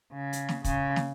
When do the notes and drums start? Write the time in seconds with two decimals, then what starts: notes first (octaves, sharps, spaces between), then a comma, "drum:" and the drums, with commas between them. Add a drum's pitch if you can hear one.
0.14 C#3
0.33 drum: hi-hat
0.49 drum: snare
0.64 C#3, drum: kick, hi-hat
0.96 drum: snare